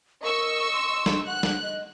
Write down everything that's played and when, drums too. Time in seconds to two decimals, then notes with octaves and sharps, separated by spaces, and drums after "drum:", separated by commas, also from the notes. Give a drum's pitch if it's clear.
0.23 A#4 D#5 C#6 E6
0.73 C6
1.06 drum: snare
1.27 F#5 F#6
1.43 drum: snare
1.62 D#5